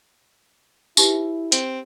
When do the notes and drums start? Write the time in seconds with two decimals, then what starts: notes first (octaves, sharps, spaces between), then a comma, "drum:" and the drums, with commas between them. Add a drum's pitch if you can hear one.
0.97 D#4 E4 G4 B4, drum: tambourine
1.52 C4, drum: hi-hat